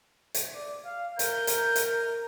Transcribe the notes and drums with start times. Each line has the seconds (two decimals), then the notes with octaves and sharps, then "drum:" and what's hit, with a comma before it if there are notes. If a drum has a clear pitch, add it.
0.34 drum: hi-hat
0.54 D5
0.85 F5
1.19 A#4 G6, drum: hi-hat
1.47 drum: hi-hat
1.76 drum: hi-hat